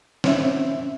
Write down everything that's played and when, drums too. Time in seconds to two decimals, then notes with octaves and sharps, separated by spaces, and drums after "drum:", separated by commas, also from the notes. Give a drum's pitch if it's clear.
0.24 C4 C#4 E5, drum: snare